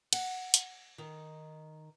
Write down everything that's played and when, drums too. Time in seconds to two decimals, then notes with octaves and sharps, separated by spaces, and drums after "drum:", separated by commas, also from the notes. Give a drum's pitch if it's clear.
0.13 F#5, drum: cymbal
0.54 drum: hi-hat
0.98 D#3